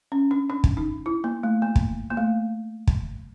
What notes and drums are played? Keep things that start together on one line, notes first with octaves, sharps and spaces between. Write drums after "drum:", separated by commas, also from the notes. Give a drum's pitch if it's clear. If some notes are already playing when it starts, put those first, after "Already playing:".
C#4
D4
D4
drum: kick
D#4
E4
A#3
A3
A#3
drum: kick
A#3
A3
drum: kick